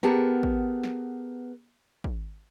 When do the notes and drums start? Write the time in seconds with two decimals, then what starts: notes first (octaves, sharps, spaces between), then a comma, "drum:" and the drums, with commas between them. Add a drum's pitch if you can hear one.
0.03 B3 G4 G#4 A#4 F#5 A5
0.43 drum: kick
0.83 drum: snare
2.04 drum: kick